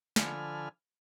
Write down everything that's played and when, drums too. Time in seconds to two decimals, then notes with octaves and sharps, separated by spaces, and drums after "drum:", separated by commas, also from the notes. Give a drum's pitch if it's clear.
0.16 D3 F3 A4 G#5 B5 F6, drum: snare